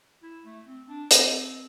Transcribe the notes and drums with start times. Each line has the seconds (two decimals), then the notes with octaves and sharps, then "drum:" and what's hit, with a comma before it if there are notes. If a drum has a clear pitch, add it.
0.23 E4
0.45 A3
0.66 C4
0.88 D4
1.11 C4, drum: hi-hat